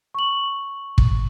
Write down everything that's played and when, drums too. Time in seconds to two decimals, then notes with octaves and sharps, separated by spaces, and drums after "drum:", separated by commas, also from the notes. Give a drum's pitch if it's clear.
0.14 C#6 F#7
0.98 drum: kick